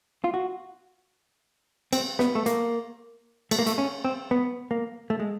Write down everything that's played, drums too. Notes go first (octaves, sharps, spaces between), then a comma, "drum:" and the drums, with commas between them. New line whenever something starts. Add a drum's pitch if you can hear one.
F4
F#4
C4, drum: cymbal
B3, drum: snare
A3
A#3, drum: hi-hat
A3, drum: cymbal
A#3
A3, drum: hi-hat
C#4
C4
B3
A#3
A3
G#3